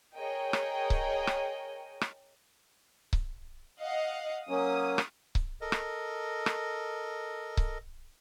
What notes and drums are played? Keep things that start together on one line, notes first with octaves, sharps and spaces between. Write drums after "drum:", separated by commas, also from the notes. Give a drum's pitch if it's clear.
G#4 A#4 C#5 D#5 G5
drum: rim click
drum: kick C#1
drum: rim click
drum: rim click
drum: kick C#1
D#5 F5 F#5
F#3 A#3 C#4 D#6
drum: rim click
drum: kick C#1
A4 A#4 D#5
drum: rim click
drum: rim click
drum: kick C#1